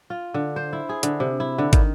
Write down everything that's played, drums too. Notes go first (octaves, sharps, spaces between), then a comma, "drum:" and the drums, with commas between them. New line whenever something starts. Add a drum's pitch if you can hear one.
F4
D3
C5
E4
G#4
D3, drum: hi-hat
C3
E4
D3
D#3, drum: kick, hi-hat